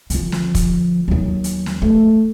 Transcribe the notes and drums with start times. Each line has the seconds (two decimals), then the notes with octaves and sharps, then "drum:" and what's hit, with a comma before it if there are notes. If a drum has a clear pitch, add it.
0.10 D3 F3, drum: hi-hat
0.32 drum: snare
0.55 drum: kick, hi-hat
1.08 D#2 F#3
1.44 drum: hi-hat
1.66 drum: snare
1.82 A3